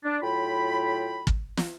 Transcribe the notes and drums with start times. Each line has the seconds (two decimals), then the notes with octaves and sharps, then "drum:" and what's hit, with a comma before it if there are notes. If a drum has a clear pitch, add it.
0.04 D4
0.22 A2 F#3 F4 G5 B5
1.27 drum: kick
1.57 drum: snare